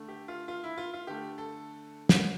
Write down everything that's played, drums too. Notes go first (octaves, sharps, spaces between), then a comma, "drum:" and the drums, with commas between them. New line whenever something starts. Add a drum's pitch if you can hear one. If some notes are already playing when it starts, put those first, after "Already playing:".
Already playing: D3 A3
G4
F4
F4
E4
F4
F4
D3 A3 G4
A4
drum: snare